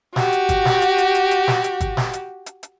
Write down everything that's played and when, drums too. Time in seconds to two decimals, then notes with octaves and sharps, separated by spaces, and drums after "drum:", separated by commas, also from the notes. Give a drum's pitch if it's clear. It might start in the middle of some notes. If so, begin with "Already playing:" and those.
0.16 F#4 G4, drum: snare
0.32 drum: hi-hat
0.49 drum: kick, hi-hat
0.65 drum: snare
0.82 drum: hi-hat
0.98 drum: hi-hat
1.15 drum: hi-hat
1.31 drum: hi-hat
1.48 drum: snare
1.64 drum: hi-hat
1.81 drum: kick, hi-hat
1.97 drum: snare
2.13 drum: hi-hat
2.46 drum: hi-hat
2.63 drum: hi-hat